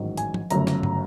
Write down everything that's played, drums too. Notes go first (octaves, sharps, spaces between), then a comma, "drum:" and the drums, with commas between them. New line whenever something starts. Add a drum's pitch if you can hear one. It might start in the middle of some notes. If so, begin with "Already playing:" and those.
Already playing: A1 G#2 D#3 F#3
G#5, drum: hi-hat
drum: tom F3
G1 F#2 C#3 F#3 A3 A#5, drum: hi-hat
drum: snare
drum: tom G2